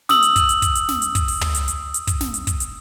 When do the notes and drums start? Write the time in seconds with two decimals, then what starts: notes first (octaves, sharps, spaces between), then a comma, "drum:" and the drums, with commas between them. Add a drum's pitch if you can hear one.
0.09 D#6 E6 F#7, drum: snare
0.22 drum: hi-hat
0.36 drum: kick, hi-hat
0.49 drum: hi-hat
0.62 drum: kick, hi-hat
0.75 drum: hi-hat
0.89 drum: snare
1.02 drum: hi-hat
1.15 drum: kick, hi-hat
1.28 drum: open hi-hat
1.41 drum: tom
1.55 drum: hi-hat
1.68 drum: hi-hat
1.94 drum: hi-hat
2.07 drum: kick, hi-hat
2.21 drum: snare
2.34 drum: hi-hat
2.47 drum: kick, hi-hat
2.60 drum: hi-hat